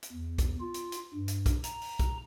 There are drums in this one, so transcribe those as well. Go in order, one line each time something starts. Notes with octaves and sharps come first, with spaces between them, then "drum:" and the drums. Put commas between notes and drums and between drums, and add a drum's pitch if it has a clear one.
drum: hi-hat
E2
drum: kick, hi-hat
F4
drum: hi-hat
drum: hi-hat
G2
drum: hi-hat
drum: kick, hi-hat
A#5, drum: hi-hat
drum: open hi-hat
drum: kick, hi-hat